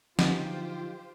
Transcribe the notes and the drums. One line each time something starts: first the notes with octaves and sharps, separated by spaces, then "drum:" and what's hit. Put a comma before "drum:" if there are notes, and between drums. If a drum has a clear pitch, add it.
D3 F3 F#3 B3 D#4 F4 G4 C5, drum: snare